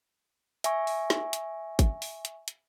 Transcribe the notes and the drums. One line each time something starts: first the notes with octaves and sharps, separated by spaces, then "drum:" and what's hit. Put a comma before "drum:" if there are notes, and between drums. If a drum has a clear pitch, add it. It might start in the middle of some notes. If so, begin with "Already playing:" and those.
E5 G#5 C#6, drum: hi-hat
drum: open hi-hat
drum: snare
drum: hi-hat
drum: kick G#1, hi-hat
drum: open hi-hat
drum: hi-hat
drum: hi-hat